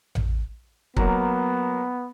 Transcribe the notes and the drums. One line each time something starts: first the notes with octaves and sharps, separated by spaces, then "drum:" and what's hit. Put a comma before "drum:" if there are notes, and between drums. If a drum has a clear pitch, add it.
drum: tom A1
F#3 A#3 B3, drum: kick